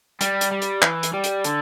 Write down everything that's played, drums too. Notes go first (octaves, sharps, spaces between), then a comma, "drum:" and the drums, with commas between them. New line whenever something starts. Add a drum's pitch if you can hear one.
G3, drum: hi-hat
drum: hi-hat
G3
drum: hi-hat
E3, drum: clap
drum: hi-hat
G3
drum: hi-hat
D3, drum: hi-hat